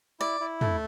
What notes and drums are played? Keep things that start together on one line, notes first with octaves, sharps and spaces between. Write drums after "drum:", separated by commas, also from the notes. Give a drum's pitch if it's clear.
E4 D5
E4
A3, drum: tom